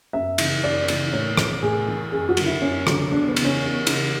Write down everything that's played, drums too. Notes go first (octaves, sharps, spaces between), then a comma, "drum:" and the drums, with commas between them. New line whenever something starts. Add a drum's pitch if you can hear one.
F#2 E5
C#3 E3, drum: cymbal
F#2 D5
C#3 E3, drum: cymbal
A2 C#5
E3, drum: rim click
A2 G#4
E3
F#2 G#4
F#4
D3 F#3, drum: cymbal
E4
F#2 C#4
D3 F#3, drum: rim click
E2 D4
B3
C#3 E3, drum: cymbal
C#4
E2
C#3 E3, drum: cymbal